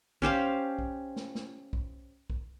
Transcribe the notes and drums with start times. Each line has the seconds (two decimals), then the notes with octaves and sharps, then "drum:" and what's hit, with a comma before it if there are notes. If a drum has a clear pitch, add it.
0.22 C#4 G4 C5 F5, drum: kick B1
0.79 drum: kick B1
1.16 drum: snare
1.35 drum: snare
1.73 drum: kick B1
2.30 drum: kick B1